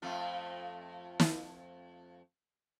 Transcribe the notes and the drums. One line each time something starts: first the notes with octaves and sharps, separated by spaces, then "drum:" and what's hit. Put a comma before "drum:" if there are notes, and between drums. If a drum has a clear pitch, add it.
F2 A3 F4
drum: snare